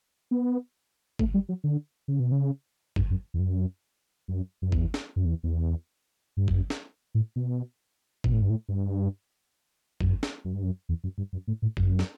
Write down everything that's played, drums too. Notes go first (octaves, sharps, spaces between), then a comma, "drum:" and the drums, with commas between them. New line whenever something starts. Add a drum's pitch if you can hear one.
B3
A3, drum: kick G1
G3
F#3
D3
C#3
B2
C#3
G2, drum: kick G1
F#2
E2
F#2
F#2
F#2
E2, drum: kick G1
drum: snare
F#2
E2
E2
G2
F#2, drum: kick G1
drum: snare
A2
B2
B2, drum: kick G1
A2
G2
A2
G2
F#2, drum: kick G1
drum: snare
F#2
G2
F#2
E2
F#2
G2
F#2
A2
A2
F#2, drum: kick G1
drum: snare